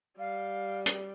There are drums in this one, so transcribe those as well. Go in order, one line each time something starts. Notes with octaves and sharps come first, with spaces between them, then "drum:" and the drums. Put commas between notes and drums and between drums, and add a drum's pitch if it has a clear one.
G3 F5
drum: hi-hat